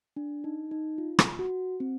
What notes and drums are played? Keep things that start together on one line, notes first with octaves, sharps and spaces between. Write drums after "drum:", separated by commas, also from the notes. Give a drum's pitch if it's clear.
D4
D#4
D#4
F4
drum: rim click
F#4
C4